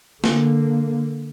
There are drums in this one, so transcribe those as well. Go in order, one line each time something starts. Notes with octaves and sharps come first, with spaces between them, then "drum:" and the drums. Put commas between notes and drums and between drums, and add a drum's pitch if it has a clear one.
D3 A#3, drum: snare